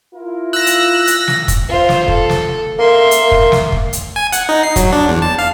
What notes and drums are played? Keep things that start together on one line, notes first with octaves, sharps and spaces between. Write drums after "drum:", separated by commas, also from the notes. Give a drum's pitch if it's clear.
E4 F4 A#4
E6 F#6 A#6
drum: hi-hat
drum: hi-hat
drum: snare
drum: kick, hi-hat
F4 C5
drum: snare
A4, drum: kick
drum: snare
A#3 E5 C6
drum: hi-hat
A#3
drum: kick
drum: snare
drum: kick
drum: hi-hat
G#5
F#5, drum: hi-hat
D#4
C7
F#3, drum: kick, hi-hat
D4
E2
A5
F5